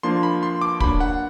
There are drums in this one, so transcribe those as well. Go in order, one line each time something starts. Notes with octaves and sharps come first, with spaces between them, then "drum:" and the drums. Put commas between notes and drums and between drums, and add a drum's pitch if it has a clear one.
F3 A#3 D4 C6
B5
C6
D6
F#3 A#3 D4 B5, drum: kick
F#5